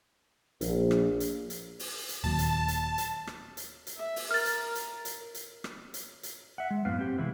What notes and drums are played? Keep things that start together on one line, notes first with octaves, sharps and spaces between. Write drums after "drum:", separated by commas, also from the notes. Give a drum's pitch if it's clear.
A#1, drum: hi-hat
drum: rim click
drum: hi-hat
drum: hi-hat
drum: open hi-hat
drum: hi-hat
D#1 D#2 F#3 A5
drum: hi-hat
drum: hi-hat
drum: hi-hat
drum: rim click
drum: hi-hat
drum: hi-hat
E5
drum: open hi-hat
A#4 F6 A6
drum: hi-hat
drum: hi-hat
drum: hi-hat
drum: hi-hat
drum: rim click
drum: hi-hat
drum: hi-hat
E5 F#5
G#3
F#2 A2 B3 B4 F5
C4 G4
C3 E3 G#3 E4 B4